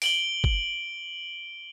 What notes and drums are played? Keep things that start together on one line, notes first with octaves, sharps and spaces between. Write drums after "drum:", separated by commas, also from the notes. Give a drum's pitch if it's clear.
D7 F#7 G7, drum: open hi-hat
drum: kick